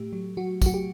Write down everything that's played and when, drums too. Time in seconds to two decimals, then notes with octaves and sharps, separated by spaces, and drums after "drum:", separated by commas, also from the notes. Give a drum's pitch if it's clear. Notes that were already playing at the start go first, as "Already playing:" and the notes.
Already playing: A2 A3 G4
0.13 F#3
0.37 F#3 F#4
0.62 F#3 F#4, drum: kick, tambourine
0.74 G4